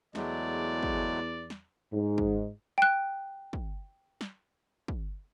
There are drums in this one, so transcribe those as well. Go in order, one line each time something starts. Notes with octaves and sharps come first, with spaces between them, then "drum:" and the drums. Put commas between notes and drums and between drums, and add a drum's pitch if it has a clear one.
E2 F#3 G#3 A3 D5, drum: snare
drum: kick
drum: snare
G#2
drum: kick
G5 F#6
drum: kick
drum: snare
drum: kick